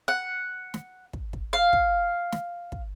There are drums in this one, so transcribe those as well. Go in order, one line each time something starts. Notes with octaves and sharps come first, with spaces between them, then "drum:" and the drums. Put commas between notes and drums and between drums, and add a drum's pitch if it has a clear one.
F#5
drum: snare
drum: kick
drum: kick
F5
drum: kick
drum: snare
drum: kick